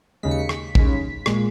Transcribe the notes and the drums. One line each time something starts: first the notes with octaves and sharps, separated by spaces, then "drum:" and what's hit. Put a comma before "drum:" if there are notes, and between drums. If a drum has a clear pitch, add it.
D#2 C#3 G#3 B6
C#7
B6
drum: rim click
D#2 C#3 G#3, drum: kick
A#2 G#3, drum: rim click